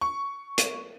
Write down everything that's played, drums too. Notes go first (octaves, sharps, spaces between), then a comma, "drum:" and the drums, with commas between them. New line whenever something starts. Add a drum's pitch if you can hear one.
C#6
drum: hi-hat